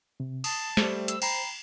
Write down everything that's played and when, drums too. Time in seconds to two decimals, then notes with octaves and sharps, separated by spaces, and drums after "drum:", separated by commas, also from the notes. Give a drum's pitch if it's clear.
0.20 C3
0.44 A5 D#6, drum: cymbal
0.77 G3 A3 C5, drum: snare
1.08 E6, drum: hi-hat
1.22 G5 A#5 B5 C7, drum: cymbal